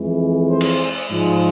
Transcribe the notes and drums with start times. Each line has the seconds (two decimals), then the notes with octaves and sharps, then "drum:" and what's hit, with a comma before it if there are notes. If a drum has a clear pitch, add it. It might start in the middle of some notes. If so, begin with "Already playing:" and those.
Already playing: F2 E3 G#3
0.50 C5
0.61 drum: cymbal
1.11 G#2 F3 G#3